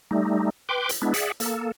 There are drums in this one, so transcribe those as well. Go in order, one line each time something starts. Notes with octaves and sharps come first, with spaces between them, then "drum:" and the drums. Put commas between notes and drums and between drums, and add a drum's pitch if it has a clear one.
G3 A3 D#4
B4 G5 C6 D6
drum: hi-hat
G#3 B3 D4 E4
G#4 D5 E5 F#5, drum: hi-hat
A#3 A4, drum: hi-hat